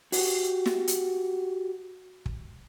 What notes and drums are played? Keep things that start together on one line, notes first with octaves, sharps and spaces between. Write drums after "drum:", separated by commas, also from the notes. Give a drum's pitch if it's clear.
F#4 G4, drum: open hi-hat
drum: snare
drum: hi-hat
drum: kick